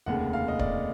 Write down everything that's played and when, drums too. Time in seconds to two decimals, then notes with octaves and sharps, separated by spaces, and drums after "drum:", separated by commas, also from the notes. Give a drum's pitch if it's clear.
0.06 F1 D#2 C#3 F#5
0.33 F5
0.48 D#5
0.59 D5, drum: kick D1